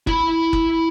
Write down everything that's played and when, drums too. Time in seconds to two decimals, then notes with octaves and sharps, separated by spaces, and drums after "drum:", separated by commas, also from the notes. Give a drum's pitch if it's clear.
0.07 E4 B5, drum: kick F#1
0.53 drum: kick F#1